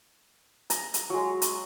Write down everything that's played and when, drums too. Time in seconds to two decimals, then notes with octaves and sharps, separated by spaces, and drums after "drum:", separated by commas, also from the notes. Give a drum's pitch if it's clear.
0.70 A#5, drum: hi-hat
0.94 drum: hi-hat
1.10 F#3 G#3
1.42 drum: hi-hat